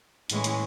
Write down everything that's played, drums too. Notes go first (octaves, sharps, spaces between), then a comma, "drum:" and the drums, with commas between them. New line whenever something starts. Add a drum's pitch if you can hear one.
A2 E3 G#3 C#4 E4, drum: hi-hat
drum: hi-hat